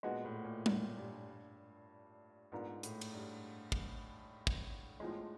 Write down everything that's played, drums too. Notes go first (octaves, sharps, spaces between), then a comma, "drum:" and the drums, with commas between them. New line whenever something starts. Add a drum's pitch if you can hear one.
A#2 G#3 B3 D#4 F#4
A2
A#2
A2, drum: tom G3
G2
G#2 B3 D4 F4 A#4
A2, drum: hi-hat
drum: cymbal
G2
drum: kick
drum: kick
A2 F3 G#3